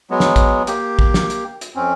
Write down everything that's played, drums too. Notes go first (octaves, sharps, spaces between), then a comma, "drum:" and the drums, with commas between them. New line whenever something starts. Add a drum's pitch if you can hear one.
F#3 G#3 B3
drum: snare
drum: kick, hi-hat
A#3 G4, drum: hi-hat
drum: kick
drum: snare
drum: hi-hat
drum: hi-hat
F2 C4 C#4